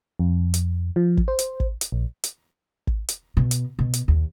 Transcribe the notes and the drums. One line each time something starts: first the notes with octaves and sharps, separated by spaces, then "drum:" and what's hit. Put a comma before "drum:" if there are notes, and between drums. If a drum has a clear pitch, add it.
F2
drum: hi-hat
F3
drum: kick
C5
drum: hi-hat
drum: kick
drum: hi-hat
A#1
drum: hi-hat
drum: kick
drum: hi-hat
B2
drum: hi-hat
B2
drum: hi-hat
D#2